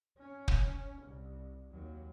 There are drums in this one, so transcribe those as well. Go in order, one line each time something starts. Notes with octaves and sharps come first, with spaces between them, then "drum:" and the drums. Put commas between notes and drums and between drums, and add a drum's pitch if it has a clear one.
C#4
drum: kick
C2
D#2 F#3